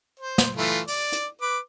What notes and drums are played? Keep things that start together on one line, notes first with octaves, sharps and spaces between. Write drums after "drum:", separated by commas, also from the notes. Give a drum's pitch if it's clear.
C5
drum: snare
E3 A3 F4
D5, drum: open hi-hat
drum: hi-hat
B4 D6